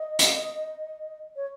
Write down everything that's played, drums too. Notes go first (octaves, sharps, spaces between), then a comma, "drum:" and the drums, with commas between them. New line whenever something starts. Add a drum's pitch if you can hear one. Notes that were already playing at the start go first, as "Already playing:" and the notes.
Already playing: D#5
drum: hi-hat
C#5